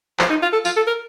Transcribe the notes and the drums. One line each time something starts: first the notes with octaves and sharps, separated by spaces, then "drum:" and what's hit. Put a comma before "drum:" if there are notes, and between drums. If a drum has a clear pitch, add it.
F3, drum: clap
D#4
F4
A4
F4, drum: tambourine
A4
A#4